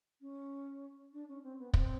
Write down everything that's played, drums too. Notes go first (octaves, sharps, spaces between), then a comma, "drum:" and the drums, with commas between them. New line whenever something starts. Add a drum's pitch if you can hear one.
C#4
D4
C#4
C4
B3
C4, drum: kick